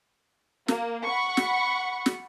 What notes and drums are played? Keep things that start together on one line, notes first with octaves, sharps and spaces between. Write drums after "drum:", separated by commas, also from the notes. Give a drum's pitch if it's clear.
A#3, drum: snare
F#5 B5 C#6
drum: snare
drum: snare